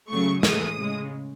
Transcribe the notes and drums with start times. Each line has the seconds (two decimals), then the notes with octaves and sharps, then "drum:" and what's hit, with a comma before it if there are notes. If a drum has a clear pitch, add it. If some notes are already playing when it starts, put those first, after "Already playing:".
0.09 C#3 F#3 A3 C#6
0.43 A2 E3 G#3 D#6, drum: snare
0.78 C#3 G#3